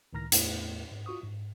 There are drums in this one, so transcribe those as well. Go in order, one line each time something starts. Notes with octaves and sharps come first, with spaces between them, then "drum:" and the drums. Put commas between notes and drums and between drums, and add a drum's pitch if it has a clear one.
C#2 A2 D#3 A#5 F6 A#6
E2 A2 A3 E4, drum: hi-hat
G#2
F4 F#4 C#6 D#6
G#2